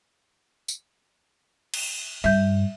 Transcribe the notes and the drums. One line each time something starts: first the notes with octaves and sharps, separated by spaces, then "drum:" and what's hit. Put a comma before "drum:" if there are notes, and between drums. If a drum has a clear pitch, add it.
drum: tambourine
drum: cymbal
G2 E5 G6